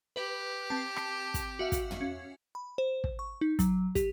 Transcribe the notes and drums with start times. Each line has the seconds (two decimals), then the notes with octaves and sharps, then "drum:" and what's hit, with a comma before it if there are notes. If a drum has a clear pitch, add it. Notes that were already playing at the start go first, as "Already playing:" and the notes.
0.16 G4 B4
0.70 C4 A5
0.96 drum: rim click
1.34 drum: kick, hi-hat
1.59 F#4 E5 F5
1.72 drum: kick, hi-hat
1.91 drum: tom
2.01 C#4
2.55 B5
2.78 C5
3.04 drum: kick
3.19 C#6
3.41 D#4
3.59 F#3, drum: kick, hi-hat
3.95 G4, drum: kick, hi-hat